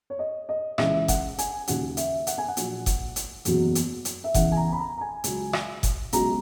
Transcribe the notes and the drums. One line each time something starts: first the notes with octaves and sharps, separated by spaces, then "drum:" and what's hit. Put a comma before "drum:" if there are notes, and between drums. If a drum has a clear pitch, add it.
C#5
D#5
D#5
C#2 C#3 E3 E5, drum: rim click
F#5, drum: kick F#1, hi-hat
G#5, drum: hi-hat
D#2 C#3 F#3 F#5, drum: hi-hat
E5, drum: hi-hat
F#5, drum: hi-hat
G#5
F#5
A#1 A#2 F#3, drum: hi-hat
drum: kick F#1, hi-hat
drum: hi-hat
F#1 E2 B2 F#3, drum: hi-hat
drum: hi-hat
drum: hi-hat
E5
E2 C#3 E3 F#5, drum: kick F#1, hi-hat
G#5
A#5
B5
A#5
A#5
G#5
C#2 C#3 F#3, drum: hi-hat
drum: rim click
drum: kick F#1, hi-hat
C#2 B2 F#3 A#5, drum: hi-hat